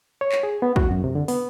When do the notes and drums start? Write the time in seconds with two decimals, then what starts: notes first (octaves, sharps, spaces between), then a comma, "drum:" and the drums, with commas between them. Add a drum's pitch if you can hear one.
0.21 C#5
0.32 drum: clap
0.43 G#4
0.62 B3
0.76 F#4, drum: kick
0.91 F#2
1.04 C3
1.15 D3
1.28 B3, drum: open hi-hat